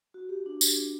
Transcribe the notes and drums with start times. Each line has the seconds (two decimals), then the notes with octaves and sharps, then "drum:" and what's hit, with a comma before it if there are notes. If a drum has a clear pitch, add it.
0.14 F#4
0.29 G4
0.46 D4
0.61 drum: tambourine